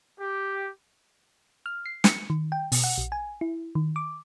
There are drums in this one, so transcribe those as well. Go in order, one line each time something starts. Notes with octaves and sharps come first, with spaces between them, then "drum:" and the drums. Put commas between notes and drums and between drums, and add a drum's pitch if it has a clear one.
G4
F6
C7
C#7, drum: snare
D#3
G5
B2, drum: open hi-hat
F#5
A#1
G#5
E4
D#3
D6